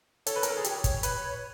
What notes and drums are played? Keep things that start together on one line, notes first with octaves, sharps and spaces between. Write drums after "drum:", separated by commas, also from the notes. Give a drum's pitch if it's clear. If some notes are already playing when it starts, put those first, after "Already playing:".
A4 C#5, drum: hi-hat
B4
A#4, drum: hi-hat
A4
G#4
G4, drum: hi-hat
drum: kick, hi-hat
B4, drum: hi-hat